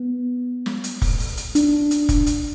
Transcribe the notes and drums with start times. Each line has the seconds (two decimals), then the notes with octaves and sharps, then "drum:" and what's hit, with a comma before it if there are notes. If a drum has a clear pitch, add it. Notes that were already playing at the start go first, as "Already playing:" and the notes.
Already playing: B3
0.66 drum: snare
0.84 drum: hi-hat
1.02 drum: kick, open hi-hat
1.19 drum: open hi-hat
1.37 drum: hi-hat
1.55 D4, drum: hi-hat
1.91 drum: hi-hat
2.09 drum: kick, hi-hat
2.27 drum: hi-hat